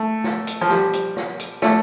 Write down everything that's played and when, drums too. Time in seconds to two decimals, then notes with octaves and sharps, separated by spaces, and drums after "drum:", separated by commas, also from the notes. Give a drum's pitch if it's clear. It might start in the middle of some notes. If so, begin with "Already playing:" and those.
Already playing: A3
0.24 drum: snare
0.47 drum: hi-hat
0.61 F3
0.70 G3, drum: snare
0.93 drum: hi-hat
1.16 drum: snare
1.40 drum: hi-hat
1.62 A3, drum: snare